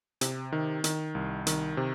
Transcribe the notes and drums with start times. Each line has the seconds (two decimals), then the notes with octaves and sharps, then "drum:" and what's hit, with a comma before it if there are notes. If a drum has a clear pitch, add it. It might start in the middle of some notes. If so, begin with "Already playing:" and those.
0.21 C3, drum: hi-hat
0.52 D#3
0.84 D#3, drum: hi-hat
1.15 C2
1.47 D#3, drum: hi-hat
1.77 C3